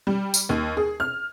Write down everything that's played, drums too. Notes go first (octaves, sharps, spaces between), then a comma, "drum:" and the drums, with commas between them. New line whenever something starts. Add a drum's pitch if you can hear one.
G3
drum: tambourine
D#2
G#4
F6